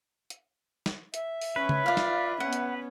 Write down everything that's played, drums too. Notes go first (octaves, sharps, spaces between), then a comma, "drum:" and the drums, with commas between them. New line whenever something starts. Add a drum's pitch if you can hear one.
drum: hi-hat
drum: snare
E5, drum: hi-hat
drum: open hi-hat
C#4 B4 C#5
drum: tom C#3
F4 D5 F5
drum: snare
B3 C#4 F#5
drum: hi-hat